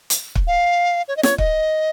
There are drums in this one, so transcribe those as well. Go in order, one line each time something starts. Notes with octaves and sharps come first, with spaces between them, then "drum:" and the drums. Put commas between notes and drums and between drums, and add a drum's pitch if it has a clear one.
drum: hi-hat
drum: kick
F5
C#5
D#5
C#5, drum: snare
D#5, drum: kick